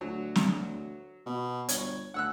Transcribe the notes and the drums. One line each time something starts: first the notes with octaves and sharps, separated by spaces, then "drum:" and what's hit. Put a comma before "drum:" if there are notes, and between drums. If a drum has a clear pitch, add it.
D2 F#3
drum: snare
B2
G1 C#5, drum: hi-hat
D2 F#5 E6 F#6